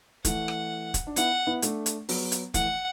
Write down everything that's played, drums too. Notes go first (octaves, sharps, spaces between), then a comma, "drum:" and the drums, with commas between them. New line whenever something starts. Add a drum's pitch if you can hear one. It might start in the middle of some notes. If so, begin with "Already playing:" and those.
E3 A3 F#5, drum: kick, hi-hat
drum: rim click
drum: kick, hi-hat
D4
B3 E4 F#5, drum: hi-hat
B3 E4
A3 D4, drum: hi-hat
drum: hi-hat
F#3 B3, drum: open hi-hat
drum: hi-hat
E3 A3 F#5, drum: kick, hi-hat